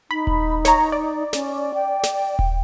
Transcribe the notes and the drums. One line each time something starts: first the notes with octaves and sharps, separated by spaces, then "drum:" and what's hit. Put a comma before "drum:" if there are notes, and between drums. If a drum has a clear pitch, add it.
D#4 B5
drum: kick D#1
C#5 A#5, drum: snare
D5
C#4, drum: snare
G5
drum: snare
drum: kick D#1